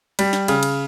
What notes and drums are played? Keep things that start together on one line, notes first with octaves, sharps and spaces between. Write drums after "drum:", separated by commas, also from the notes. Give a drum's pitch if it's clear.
G3, drum: cymbal
drum: snare
C#3, drum: cymbal
drum: cymbal